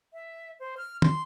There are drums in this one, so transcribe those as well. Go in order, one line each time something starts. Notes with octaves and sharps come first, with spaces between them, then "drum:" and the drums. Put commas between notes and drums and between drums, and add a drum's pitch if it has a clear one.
E5
C5
F6
C6, drum: tom